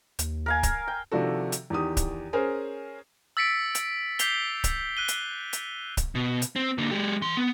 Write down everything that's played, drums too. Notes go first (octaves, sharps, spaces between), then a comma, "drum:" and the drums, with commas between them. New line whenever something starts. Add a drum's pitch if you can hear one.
D#2, drum: hi-hat
A#4 F5 G#5
drum: kick C#1, hi-hat
G5
C3 D#3 F3 D4 F#4 A4
drum: hi-hat
E2 D#3 G4 D#6
drum: kick C#1, hi-hat
C#4 G#4 A#4 C5
E6 A6 B6 C#7 D7
drum: hi-hat
D6 G6 B6 C7 F7 G7, drum: hi-hat
drum: kick C#1, hi-hat
F#6 D#7 G7
drum: hi-hat
drum: hi-hat
drum: kick C#1, hi-hat
B2
drum: hi-hat
C4
D3 A#3
G#3 G4
E3 C6
B3